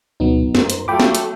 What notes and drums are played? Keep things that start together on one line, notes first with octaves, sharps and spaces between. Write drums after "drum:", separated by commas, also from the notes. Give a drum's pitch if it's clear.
D2 B2 F#3 B3 D#4
F#2 A#4 C5, drum: snare
drum: hi-hat
F#3 A3 F4 G5 B5 D6
drum: snare
drum: hi-hat